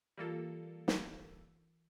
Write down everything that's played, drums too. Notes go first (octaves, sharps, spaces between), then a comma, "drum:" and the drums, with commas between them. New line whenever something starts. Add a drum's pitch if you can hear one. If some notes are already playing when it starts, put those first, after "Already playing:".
E3 G3 A#3 F4 A4
drum: snare